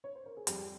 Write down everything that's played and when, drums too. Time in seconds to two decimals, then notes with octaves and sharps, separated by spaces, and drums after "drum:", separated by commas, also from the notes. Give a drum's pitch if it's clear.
0.04 C#5
0.15 C5
0.26 A#4
0.37 G#4
0.47 F2 G3 G4, drum: hi-hat